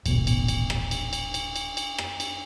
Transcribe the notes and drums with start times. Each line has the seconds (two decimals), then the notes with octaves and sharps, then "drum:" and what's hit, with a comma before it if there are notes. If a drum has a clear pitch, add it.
0.06 D#1 A1 B2, drum: cymbal
0.27 drum: cymbal
0.48 drum: cymbal
0.70 drum: rim click
0.91 drum: cymbal
1.13 drum: cymbal
1.34 drum: cymbal
1.56 drum: cymbal
1.77 drum: cymbal
1.98 drum: rim click
2.20 drum: cymbal